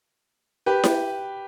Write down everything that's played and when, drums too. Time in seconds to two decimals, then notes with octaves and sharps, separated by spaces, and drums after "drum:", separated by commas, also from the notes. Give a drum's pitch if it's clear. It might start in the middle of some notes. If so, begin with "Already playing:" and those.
0.66 G4 B4
0.84 drum: snare E4